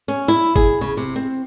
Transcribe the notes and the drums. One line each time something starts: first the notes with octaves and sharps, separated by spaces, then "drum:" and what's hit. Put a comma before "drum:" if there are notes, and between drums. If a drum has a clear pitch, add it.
C#4
E4
G#4, drum: kick F#1
C#3
C3
C4